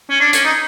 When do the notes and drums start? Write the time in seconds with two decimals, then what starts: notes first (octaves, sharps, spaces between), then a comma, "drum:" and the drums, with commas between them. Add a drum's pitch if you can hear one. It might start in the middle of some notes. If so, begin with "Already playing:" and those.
0.10 C#4
0.21 D4
0.33 C#4, drum: hi-hat
0.45 D#4